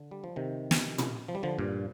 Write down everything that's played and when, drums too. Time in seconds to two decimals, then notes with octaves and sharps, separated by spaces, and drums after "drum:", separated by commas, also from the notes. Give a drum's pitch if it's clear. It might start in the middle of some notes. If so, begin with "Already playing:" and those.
Already playing: D3
0.11 G3
0.24 F3
0.36 C3 D#3
0.71 drum: snare
0.98 drum: tom
1.28 F3
1.35 G3
1.43 D3 F3
1.59 G2 A#2